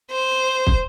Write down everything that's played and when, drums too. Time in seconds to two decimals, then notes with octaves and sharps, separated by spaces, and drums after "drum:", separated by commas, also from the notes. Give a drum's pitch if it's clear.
0.11 C5
0.67 drum: kick